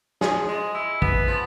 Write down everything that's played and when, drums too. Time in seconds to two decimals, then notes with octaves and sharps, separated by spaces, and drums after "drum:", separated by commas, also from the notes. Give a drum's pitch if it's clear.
0.21 F3 G#4, drum: snare
0.48 G#3
0.75 E4
1.02 B3, drum: kick
1.28 F3